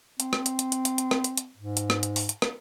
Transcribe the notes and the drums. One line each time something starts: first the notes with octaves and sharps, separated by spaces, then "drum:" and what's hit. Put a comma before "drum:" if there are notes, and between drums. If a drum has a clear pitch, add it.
C4, drum: hi-hat
drum: rim click
drum: hi-hat
drum: hi-hat
drum: hi-hat
drum: hi-hat
drum: hi-hat
drum: rim click
drum: hi-hat
drum: hi-hat
G#2
drum: hi-hat
drum: rim click
drum: hi-hat
drum: open hi-hat
drum: hi-hat
drum: rim click